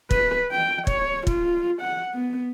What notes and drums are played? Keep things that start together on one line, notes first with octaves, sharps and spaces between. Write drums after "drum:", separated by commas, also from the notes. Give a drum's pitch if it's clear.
B4, drum: kick
G5
C#5, drum: kick
F4, drum: kick
F#5
B3